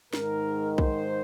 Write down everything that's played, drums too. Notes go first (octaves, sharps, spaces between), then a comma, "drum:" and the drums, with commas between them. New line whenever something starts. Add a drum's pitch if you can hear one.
G#2 D#3 A#4, drum: snare
C5, drum: kick B1